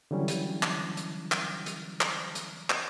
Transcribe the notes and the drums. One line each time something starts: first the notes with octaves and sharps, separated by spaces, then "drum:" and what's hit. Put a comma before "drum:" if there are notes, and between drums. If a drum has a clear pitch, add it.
D3 E3 F#3 G3 C#4 E4
drum: hi-hat
drum: clap
drum: hi-hat
drum: clap
drum: hi-hat
drum: clap
drum: hi-hat
drum: clap